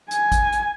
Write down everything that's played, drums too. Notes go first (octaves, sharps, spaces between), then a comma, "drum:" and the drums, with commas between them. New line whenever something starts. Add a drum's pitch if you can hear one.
G#5, drum: hi-hat
drum: kick, hi-hat
drum: hi-hat